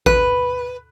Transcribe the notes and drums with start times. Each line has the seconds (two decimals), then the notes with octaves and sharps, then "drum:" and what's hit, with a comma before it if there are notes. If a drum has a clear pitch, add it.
0.06 B4, drum: kick A1